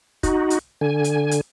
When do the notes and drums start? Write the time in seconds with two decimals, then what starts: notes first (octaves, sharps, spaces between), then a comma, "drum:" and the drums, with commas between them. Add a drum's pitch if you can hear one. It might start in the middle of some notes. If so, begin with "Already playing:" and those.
0.23 D#4 F#4, drum: kick, hi-hat
0.50 drum: hi-hat
0.81 D3 G#5
1.04 drum: hi-hat
1.31 drum: hi-hat